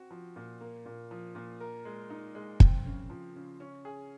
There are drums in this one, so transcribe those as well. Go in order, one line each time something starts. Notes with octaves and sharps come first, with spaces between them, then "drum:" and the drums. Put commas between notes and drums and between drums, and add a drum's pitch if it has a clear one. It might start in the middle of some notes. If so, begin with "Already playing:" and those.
Already playing: C4 F#4
F3
A#2
A#3
A#2
F3
A#2
A#4
G#3
D#4
G#3
C4, drum: kick
C#3
F3
C#3
C#4
G#4